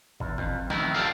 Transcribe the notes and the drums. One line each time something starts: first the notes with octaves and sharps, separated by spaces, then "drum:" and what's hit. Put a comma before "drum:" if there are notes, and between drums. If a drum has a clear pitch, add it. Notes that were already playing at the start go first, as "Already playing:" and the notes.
E2, drum: kick
F2, drum: kick
D#3 A3 B3 D#4 E4, drum: snare
F4 G4 A4 A#4 D5 F5